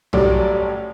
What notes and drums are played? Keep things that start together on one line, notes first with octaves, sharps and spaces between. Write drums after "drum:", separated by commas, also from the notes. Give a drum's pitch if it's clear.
A1 A2 F#3 G3 D5, drum: tom B1